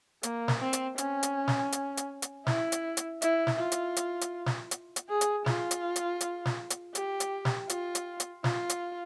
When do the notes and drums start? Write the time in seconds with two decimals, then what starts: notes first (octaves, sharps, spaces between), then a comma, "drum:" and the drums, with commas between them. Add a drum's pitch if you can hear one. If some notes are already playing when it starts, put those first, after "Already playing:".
0.23 A#3, drum: hi-hat
0.48 drum: snare
0.60 C4
0.73 drum: hi-hat
0.98 C#4, drum: hi-hat
1.23 drum: hi-hat
1.48 drum: snare
1.72 drum: hi-hat
1.97 drum: hi-hat
2.22 drum: hi-hat
2.47 E4, drum: snare
2.72 drum: hi-hat
2.97 drum: hi-hat
3.22 E4, drum: hi-hat
3.47 drum: snare
3.59 F4
3.72 drum: hi-hat
3.96 drum: hi-hat
4.21 drum: hi-hat
4.46 drum: snare
4.71 drum: hi-hat
4.96 drum: hi-hat
5.09 G#4
5.21 drum: hi-hat
5.46 F4, drum: snare
5.71 drum: hi-hat
5.96 drum: hi-hat
6.21 drum: hi-hat
6.45 drum: snare
6.70 drum: hi-hat
6.95 G4, drum: hi-hat
7.20 drum: hi-hat
7.45 drum: snare
7.69 F4, drum: hi-hat
7.95 drum: hi-hat
8.20 drum: hi-hat
8.44 F4, drum: snare
8.69 drum: hi-hat